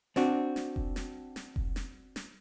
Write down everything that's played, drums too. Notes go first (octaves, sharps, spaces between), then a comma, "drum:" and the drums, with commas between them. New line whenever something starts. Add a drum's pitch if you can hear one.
C4 D4 F#4, drum: snare
drum: snare
drum: kick F1
drum: snare
drum: snare
drum: kick F1
drum: snare
drum: snare